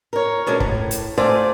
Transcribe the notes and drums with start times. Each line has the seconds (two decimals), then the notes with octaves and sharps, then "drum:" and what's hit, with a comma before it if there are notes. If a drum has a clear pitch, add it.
0.13 A#4 C#5
0.47 B2 G#3 C#4 D4 A#4
0.60 A2, drum: kick
0.91 drum: hi-hat
1.18 A3 F4 C5 D5 G#5